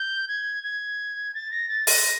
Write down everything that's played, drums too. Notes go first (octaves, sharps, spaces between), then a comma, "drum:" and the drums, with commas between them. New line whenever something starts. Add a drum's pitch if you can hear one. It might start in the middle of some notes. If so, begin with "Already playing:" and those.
Already playing: G6
G#6
G#6
A6
A#6
A6
A#6, drum: open hi-hat